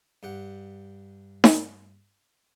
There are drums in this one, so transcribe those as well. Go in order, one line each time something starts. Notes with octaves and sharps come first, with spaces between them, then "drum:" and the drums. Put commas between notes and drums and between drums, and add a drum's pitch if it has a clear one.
G2 G4 F#5
drum: snare D#4